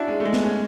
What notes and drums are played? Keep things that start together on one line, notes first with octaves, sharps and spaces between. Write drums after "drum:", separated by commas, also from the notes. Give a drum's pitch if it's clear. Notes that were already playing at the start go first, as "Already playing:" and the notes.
Already playing: C#4 D4 E4 F#4
G#3
A3
G#3
B3, drum: snare
C#4